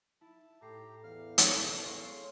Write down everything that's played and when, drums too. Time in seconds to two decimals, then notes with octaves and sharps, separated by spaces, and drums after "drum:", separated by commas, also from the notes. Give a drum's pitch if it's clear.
0.21 E4 A5
0.61 A2 G4 A#5 C7
1.04 E2 F5 F6
1.38 drum: hi-hat
1.85 G#3 C#5 F5 C6 C#6